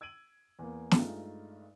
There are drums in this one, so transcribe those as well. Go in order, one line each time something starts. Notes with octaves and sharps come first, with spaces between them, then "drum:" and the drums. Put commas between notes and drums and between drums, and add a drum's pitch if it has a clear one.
E6 G#6 D7 D#7 F#7
E2 A#3
G2 G#3 A3 D#4 F4, drum: snare